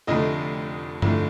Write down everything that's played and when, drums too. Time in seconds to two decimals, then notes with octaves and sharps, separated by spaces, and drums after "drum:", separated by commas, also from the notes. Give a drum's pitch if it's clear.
0.07 F1 F2 D3 A3 D#5
1.02 F1 F2 D3 A3, drum: tom G2